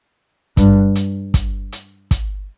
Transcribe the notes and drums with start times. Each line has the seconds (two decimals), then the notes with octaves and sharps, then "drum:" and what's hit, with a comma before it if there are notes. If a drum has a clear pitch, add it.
0.57 G2, drum: kick, hi-hat
0.95 drum: hi-hat
1.34 drum: kick, hi-hat
1.72 drum: hi-hat
2.11 drum: kick, hi-hat